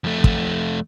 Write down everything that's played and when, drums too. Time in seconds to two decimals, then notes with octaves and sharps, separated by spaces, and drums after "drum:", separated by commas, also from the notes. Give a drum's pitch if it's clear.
0.04 F2 A3
0.24 drum: kick